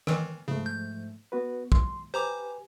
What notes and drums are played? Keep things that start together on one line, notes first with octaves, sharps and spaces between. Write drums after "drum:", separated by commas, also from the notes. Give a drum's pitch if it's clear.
D#3 E3, drum: rim click
G#2 C#3 F3 A3
G6
B3 F#4 B4
C6, drum: kick
G4 B4 C5 G#5 A#5 D6